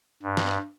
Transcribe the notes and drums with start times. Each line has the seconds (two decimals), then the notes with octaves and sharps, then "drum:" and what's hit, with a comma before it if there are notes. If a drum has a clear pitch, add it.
0.22 G2
0.37 drum: snare